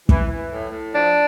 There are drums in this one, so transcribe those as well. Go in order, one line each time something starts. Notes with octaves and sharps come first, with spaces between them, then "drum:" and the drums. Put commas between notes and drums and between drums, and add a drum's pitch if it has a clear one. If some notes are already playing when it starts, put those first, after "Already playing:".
E3, drum: kick
E3
A2
A2
F3 D4